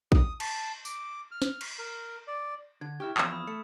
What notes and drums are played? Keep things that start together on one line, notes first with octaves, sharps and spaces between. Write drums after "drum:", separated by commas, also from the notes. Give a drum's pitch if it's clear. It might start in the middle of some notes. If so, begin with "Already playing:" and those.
D#6, drum: kick
A5, drum: cymbal
D6, drum: tambourine
F6
drum: snare
drum: cymbal
A#4
D5
D3 G#6
E4 G4 C#6 F6
E2 G2 F3 E6 F6 E7, drum: clap
B5 D#6
A3 C#7